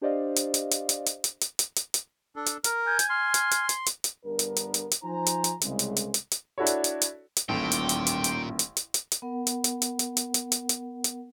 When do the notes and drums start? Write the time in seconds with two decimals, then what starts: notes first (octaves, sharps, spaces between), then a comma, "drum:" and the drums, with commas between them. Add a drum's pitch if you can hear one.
0.01 D4 G4 C5 D5 D#5 F5
0.37 drum: hi-hat
0.54 drum: hi-hat
0.72 drum: hi-hat
0.89 drum: hi-hat
1.07 drum: hi-hat
1.24 drum: hi-hat
1.42 drum: hi-hat
1.59 drum: hi-hat
1.77 drum: hi-hat
1.94 drum: hi-hat
2.36 D4 A4
2.47 drum: hi-hat
2.64 A#4, drum: hi-hat
2.87 G#5 G6
2.99 drum: hi-hat
3.10 C6 F6
3.34 drum: hi-hat
3.52 drum: hi-hat
3.69 drum: hi-hat
3.87 drum: hi-hat
4.04 drum: hi-hat
4.25 G1 G2 B3 D4 A#4
4.39 drum: hi-hat
4.57 drum: hi-hat
4.74 drum: hi-hat
4.92 drum: hi-hat
5.03 F3 D#4 C5 G#5 A#5
5.27 drum: hi-hat
5.44 drum: hi-hat
5.62 C2 C#3 G#3, drum: hi-hat
5.79 drum: hi-hat
5.97 drum: hi-hat
6.14 drum: hi-hat
6.32 drum: hi-hat
6.58 D4 E4 F#4 A4 C#5
6.67 drum: hi-hat
6.84 drum: hi-hat
7.02 drum: hi-hat
7.37 drum: hi-hat
7.49 D#1 A1 A#2 A3 G5 A5
7.72 drum: hi-hat
7.89 drum: hi-hat
8.07 drum: hi-hat
8.24 drum: hi-hat
8.59 drum: hi-hat
8.77 drum: hi-hat
8.94 drum: hi-hat
9.12 drum: hi-hat
9.22 B3 A#4 F#5
9.47 drum: hi-hat
9.64 drum: hi-hat
9.82 drum: hi-hat
9.99 drum: hi-hat
10.17 drum: hi-hat
10.34 drum: hi-hat
10.52 drum: hi-hat
10.69 drum: hi-hat
11.04 drum: hi-hat